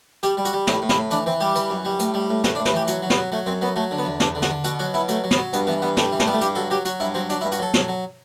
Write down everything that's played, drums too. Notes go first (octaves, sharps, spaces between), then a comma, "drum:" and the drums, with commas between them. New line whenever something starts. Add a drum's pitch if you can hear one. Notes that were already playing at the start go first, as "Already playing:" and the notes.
G3 G4, drum: hi-hat
G3
F#4, drum: hi-hat
G3
A2 E4, drum: snare
A2
E4, drum: snare
A2
E3 D4, drum: hi-hat
E3 C4
G3 G4
E3, drum: hi-hat
F#2
G3
A2, drum: hi-hat
G3
A2
A2 F#4, drum: snare
D4
A2
B4, drum: snare
E3 G4
F#3 F#4, drum: hi-hat
F#3
B3, drum: snare
F#3
F#3 A3
F#2 C4
F#3 B3
F#3 A3
D3
B3
E2
E2 D4, drum: snare
D3
F#4, drum: snare
D3
B2 F#4, drum: hi-hat
F#3 F#4
B2 E4
F#3 A3, drum: hi-hat
F#3
B3, drum: snare
F#3
G2 B3, drum: hi-hat
E3 B3
G2 B3
G3 A3, drum: snare
E3
A3, drum: snare
G3 B3
A3
G2 G4, drum: hi-hat
F#3 A4
F#3 G4
F#3 F#4, drum: hi-hat
G2 E4
F#3 C4
F#3 D4, drum: hi-hat
E4
G2
F#4, drum: hi-hat
F#3 A4
F#3, drum: snare
F#3